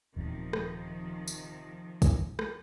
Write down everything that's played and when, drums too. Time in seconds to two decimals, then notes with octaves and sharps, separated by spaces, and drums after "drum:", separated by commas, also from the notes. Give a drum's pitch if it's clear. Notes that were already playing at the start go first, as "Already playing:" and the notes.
0.16 D#1 E2 C3 D#3 F3
0.53 drum: rim click
1.28 drum: tambourine
2.02 drum: kick, tambourine
2.39 drum: rim click